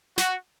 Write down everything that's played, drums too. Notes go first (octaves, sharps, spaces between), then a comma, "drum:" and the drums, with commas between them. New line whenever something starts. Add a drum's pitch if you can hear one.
F#4, drum: snare